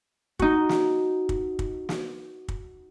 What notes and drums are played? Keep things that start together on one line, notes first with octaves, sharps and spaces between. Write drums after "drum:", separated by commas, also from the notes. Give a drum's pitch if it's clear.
D#4 F#4, drum: kick
drum: snare
drum: kick
drum: kick
drum: snare
drum: kick